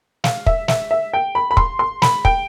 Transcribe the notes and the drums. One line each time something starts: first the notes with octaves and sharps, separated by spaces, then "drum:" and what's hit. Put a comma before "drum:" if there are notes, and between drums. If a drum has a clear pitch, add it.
F5, drum: snare
E5, drum: kick
E5, drum: snare
E5
G5
B5
B5
C6, drum: kick
C6
B5, drum: snare
G5, drum: kick